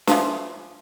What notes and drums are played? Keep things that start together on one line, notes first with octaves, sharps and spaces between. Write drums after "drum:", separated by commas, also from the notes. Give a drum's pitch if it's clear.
E3 F3 G#3, drum: snare